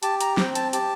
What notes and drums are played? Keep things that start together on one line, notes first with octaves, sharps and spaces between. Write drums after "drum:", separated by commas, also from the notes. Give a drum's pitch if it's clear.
G4 A5, drum: hi-hat
A#5, drum: hi-hat
C4 G5, drum: snare
A5, drum: hi-hat
G4 A5, drum: hi-hat